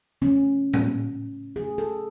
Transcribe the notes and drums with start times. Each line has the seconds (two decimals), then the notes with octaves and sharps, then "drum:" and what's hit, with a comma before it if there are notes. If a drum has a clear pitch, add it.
0.22 C#3 F#3 A3 C#4
0.73 drum: tom A2
1.56 C#3 F#3 A3 G#4
1.78 A4